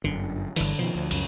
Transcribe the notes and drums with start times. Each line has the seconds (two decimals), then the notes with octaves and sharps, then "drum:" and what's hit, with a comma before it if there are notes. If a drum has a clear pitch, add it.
0.04 G1 F#2 D3
0.56 G1 D3 E3, drum: cymbal
0.79 B2 D#3 F3
0.95 D2
1.11 C#2 F#2 C#3, drum: cymbal